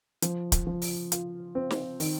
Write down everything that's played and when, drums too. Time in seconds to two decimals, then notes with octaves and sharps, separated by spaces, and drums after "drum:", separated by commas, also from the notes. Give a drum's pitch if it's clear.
0.22 F3, drum: hi-hat
0.52 drum: kick, hi-hat
0.67 F3
0.82 drum: open hi-hat
1.12 F4, drum: hi-hat
1.55 C4
1.71 drum: snare
2.00 D#3, drum: open hi-hat